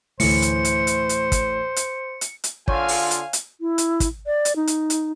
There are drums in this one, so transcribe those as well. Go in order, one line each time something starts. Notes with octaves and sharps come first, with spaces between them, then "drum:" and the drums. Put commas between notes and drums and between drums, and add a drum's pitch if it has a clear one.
D2 A2 E3 A3 C5 C#7, drum: open hi-hat
drum: hi-hat
drum: hi-hat
drum: hi-hat
drum: hi-hat
drum: kick, hi-hat
drum: hi-hat
drum: hi-hat
drum: hi-hat
D3 F4 C#5 F5 G#5 C#6, drum: kick
drum: open hi-hat
drum: hi-hat
drum: hi-hat
E4
drum: hi-hat
drum: kick, hi-hat
D5
drum: hi-hat
D#4
drum: hi-hat
drum: hi-hat